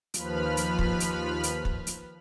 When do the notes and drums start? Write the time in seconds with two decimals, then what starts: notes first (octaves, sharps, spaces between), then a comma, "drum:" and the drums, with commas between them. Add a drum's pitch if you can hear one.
0.14 D#2 F3 B4 B5 F6, drum: hi-hat
0.57 drum: hi-hat
0.79 drum: kick
1.00 drum: hi-hat
1.43 drum: hi-hat
1.65 drum: kick
1.87 drum: hi-hat